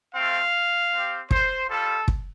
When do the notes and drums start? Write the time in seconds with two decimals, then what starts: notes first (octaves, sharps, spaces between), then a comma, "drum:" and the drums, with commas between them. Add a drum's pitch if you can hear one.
0.15 A3 C4 F4 F5
0.93 C4 G4
1.31 C5, drum: kick
1.69 G3 F4 A4
2.08 drum: kick